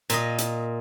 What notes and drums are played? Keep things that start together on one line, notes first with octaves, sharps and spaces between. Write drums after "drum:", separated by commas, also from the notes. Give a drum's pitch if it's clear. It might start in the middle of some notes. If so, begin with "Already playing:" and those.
A#2 D#5, drum: hi-hat
drum: hi-hat